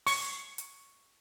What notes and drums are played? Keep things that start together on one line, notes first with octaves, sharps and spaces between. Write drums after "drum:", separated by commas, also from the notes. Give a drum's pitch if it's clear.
C#6, drum: open hi-hat
drum: hi-hat